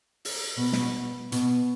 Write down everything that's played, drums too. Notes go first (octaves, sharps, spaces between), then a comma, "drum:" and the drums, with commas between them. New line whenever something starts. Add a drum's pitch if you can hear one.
drum: open hi-hat
B2
drum: snare
B2, drum: hi-hat